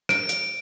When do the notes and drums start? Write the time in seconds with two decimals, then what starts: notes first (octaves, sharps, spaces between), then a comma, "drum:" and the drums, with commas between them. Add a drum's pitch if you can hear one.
0.09 D7, drum: rim click
0.29 drum: hi-hat